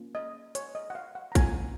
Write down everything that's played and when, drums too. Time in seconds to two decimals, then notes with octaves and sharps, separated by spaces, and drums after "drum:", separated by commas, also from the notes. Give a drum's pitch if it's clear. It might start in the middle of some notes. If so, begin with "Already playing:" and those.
Already playing: A#3 C#4 F4
0.15 D#5
0.55 C#5, drum: hi-hat
0.75 D#5
0.90 F#5
0.95 F5
1.15 F#5
1.32 A#5
1.35 A#3 C#4 F4 G#5, drum: kick A#1, hi-hat